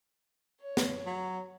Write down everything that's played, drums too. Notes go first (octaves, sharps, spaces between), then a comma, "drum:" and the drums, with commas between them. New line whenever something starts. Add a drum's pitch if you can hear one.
C#5
drum: snare
F#3